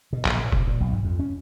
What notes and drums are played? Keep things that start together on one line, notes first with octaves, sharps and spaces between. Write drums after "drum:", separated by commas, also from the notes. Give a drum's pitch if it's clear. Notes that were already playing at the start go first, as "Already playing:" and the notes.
B2
A#1, drum: clap
A#2
C3, drum: kick F1
A#2
B1
G#2
F2
C#4